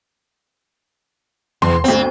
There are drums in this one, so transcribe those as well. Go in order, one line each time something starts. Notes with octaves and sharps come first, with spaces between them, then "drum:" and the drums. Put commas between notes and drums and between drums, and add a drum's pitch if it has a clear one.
E2 C6, drum: tom E2
G1 D2 C4